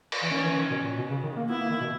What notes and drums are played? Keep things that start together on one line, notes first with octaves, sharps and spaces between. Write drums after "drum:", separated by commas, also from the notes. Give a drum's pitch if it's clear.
drum: cymbal
E3
D#3 C#4
E3
D#3
B2
A#2
B2
C#3
D#3
A#3
B3 E4
A#3
D#3
B2